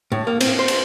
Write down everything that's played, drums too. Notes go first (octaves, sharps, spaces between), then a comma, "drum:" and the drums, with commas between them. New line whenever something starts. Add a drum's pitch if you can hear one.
A2
A#3
C4, drum: cymbal
C5
drum: cymbal